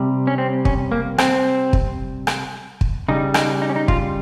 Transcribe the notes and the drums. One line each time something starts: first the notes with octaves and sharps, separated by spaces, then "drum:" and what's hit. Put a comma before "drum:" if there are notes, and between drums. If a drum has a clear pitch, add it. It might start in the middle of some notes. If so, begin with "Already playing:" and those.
Already playing: C3 G3
C#4
C4
C#4, drum: kick
A#3
C4, drum: rim click
drum: kick
drum: rim click
drum: kick
C#3 G3 D#4
D#4, drum: rim click
D#4
C#4
D#4
F4, drum: kick